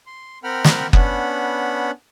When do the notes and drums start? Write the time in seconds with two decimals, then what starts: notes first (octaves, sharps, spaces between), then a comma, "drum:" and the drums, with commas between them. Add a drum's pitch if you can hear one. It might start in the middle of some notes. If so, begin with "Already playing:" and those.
0.06 C6
0.44 C4 A#4 F#5 G5 B5 F6
0.64 drum: snare
0.93 B3 C#4 D4 F#5 B5, drum: kick F#1